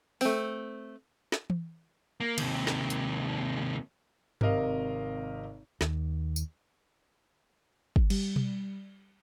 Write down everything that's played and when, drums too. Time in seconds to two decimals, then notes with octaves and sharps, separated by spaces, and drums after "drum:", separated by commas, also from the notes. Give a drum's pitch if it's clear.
0.21 A3 C4, drum: open hi-hat
1.32 drum: snare
1.50 drum: tom E3
2.20 A#3
2.38 D#2 C3, drum: cymbal
2.67 drum: snare
2.90 drum: hi-hat
4.41 G#1 C3 A#4 D#5 F5, drum: tom G2
5.81 D#2, drum: snare
6.36 drum: tambourine
7.96 drum: kick
8.10 G3, drum: cymbal
8.36 drum: tom B2